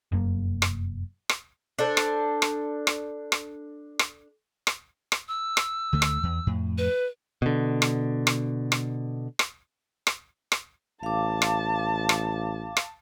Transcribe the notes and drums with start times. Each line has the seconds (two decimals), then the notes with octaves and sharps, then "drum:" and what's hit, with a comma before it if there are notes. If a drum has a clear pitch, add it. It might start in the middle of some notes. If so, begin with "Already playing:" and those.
0.12 F1 F#2 A#3
0.62 drum: rim click
1.29 drum: rim click
1.79 D4 A4 C5
1.97 drum: rim click
2.42 drum: rim click
2.87 drum: rim click
3.32 drum: rim click
3.99 drum: rim click
4.67 drum: rim click
5.12 drum: rim click
5.28 E6
5.57 drum: rim click
5.93 D2 D3 A3
6.02 drum: rim click
6.23 E2
6.47 F2 A2
6.78 B4
7.42 B2 D3
7.82 drum: rim click
8.27 drum: rim click
8.72 drum: rim click
9.39 drum: rim click
10.07 drum: rim click
10.52 drum: rim click
11.03 A1 F5 A5 D6
11.42 drum: rim click
12.09 drum: rim click
12.77 drum: rim click